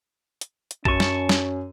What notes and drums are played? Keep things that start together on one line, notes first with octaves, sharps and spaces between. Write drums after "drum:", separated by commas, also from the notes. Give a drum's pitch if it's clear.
drum: hi-hat
drum: hi-hat
F#2 C#4 A5 C#6 D#7, drum: kick A#1
drum: snare
drum: snare